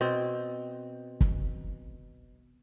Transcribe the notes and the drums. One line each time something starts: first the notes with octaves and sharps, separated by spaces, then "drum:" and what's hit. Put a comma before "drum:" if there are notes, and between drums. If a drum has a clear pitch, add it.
B2 C4
drum: kick